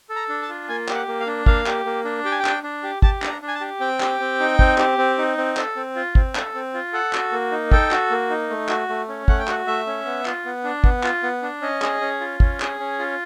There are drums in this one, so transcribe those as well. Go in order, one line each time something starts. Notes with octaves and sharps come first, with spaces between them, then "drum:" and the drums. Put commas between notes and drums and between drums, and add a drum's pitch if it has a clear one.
A4
A#5
D4
A5
F4
A#3 G#5
G4, drum: clap
F#5
A#3
F5
D4
A#3 F5, drum: kick
G4, drum: clap
A#3
D4
G4 G5
G#5
G5
D4, drum: clap
D4
G4
G4 A5, drum: kick
D4, drum: clap
A#5
D4
G#5
A5
G4
C4 G5
G4, drum: clap
C4
D#4
C4, drum: kick
G4, drum: clap
C4
D#4
C4
A4, drum: clap
C4
F4
C4, drum: kick
A4, drum: clap
C4
F4
A4 F#5
F#4, drum: clap
A#3
D#4
A4 G5, drum: kick
F#4, drum: clap
A#3
D#4
A3
F#4, drum: clap
A3
C#4
A3 F#5, drum: kick
G5
F#4 F#5, drum: clap
A3 E5
C#4
B3
F4, drum: clap
B3
D4
B3, drum: kick
F4, drum: clap
B3
D4
C#4 D#5
G#4, drum: clap
C#4
F4
C#4, drum: kick
G#4, drum: clap
C#4
F4